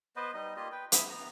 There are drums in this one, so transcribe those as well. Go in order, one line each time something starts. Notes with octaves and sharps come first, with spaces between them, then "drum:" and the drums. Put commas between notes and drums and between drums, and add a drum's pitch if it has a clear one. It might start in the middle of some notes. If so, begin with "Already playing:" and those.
B3 B4 C5 D#5
G3 D#4 D#5
A#3 F4 G4 D#5
B4 G5
A#3 E4 G#4 E5, drum: hi-hat
B3 A#5